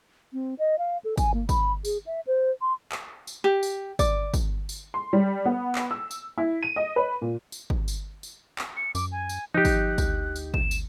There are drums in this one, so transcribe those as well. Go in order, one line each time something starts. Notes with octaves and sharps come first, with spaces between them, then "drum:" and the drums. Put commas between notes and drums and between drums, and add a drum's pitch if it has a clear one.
C4
D#5
F5
A4
G#5, drum: kick, tambourine
A#3
B5, drum: kick, tambourine
G#4, drum: tambourine
E5
C5
C6
drum: clap
drum: tambourine
G4
drum: tambourine
D5, drum: kick, tambourine
drum: kick, tambourine
drum: tambourine
C6
G3
B3
drum: clap
E6
drum: tambourine
E4
D#7
D#5
B4
A#2
drum: tambourine
drum: kick
drum: tambourine
drum: tambourine
drum: clap
C#7
F#2 D6, drum: tambourine
G#5
drum: tambourine
F3 D#4 G4 F#6
drum: kick, tambourine
D2, drum: kick, tambourine
drum: tambourine
E7, drum: kick
drum: tambourine